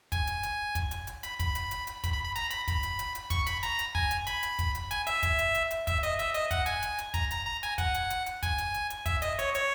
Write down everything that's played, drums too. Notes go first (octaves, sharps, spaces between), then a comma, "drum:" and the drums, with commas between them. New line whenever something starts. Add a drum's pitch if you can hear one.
G#5, drum: kick, hi-hat
drum: hi-hat
drum: hi-hat
drum: kick, hi-hat
drum: hi-hat
drum: hi-hat
B5, drum: hi-hat
B5, drum: kick, hi-hat
drum: hi-hat
drum: hi-hat
drum: hi-hat
B5, drum: kick, hi-hat
B5
B5
A#5, drum: hi-hat
B5, drum: hi-hat
B5, drum: kick, hi-hat
drum: hi-hat
drum: hi-hat
drum: hi-hat
C#6, drum: kick, hi-hat
B5, drum: hi-hat
A#5, drum: hi-hat
drum: hi-hat
G#5, drum: kick
drum: hi-hat
B5, drum: hi-hat
drum: hi-hat
drum: kick, hi-hat
drum: hi-hat
G#5, drum: hi-hat
E5, drum: hi-hat
drum: kick, hi-hat
drum: hi-hat
drum: hi-hat
drum: hi-hat
E5, drum: kick, hi-hat
D#5, drum: hi-hat
E5, drum: hi-hat
D#5, drum: hi-hat
F#5, drum: kick, hi-hat
G#5, drum: hi-hat
drum: hi-hat
drum: hi-hat
A#5, drum: kick, hi-hat
A#5, drum: hi-hat
A#5
G#5, drum: hi-hat
F#5, drum: kick, hi-hat
drum: hi-hat
drum: hi-hat
drum: hi-hat
G#5, drum: kick, hi-hat
drum: hi-hat
drum: hi-hat
drum: hi-hat
E5, drum: kick, hi-hat
D#5, drum: hi-hat
C#5, drum: hi-hat
C#5, drum: hi-hat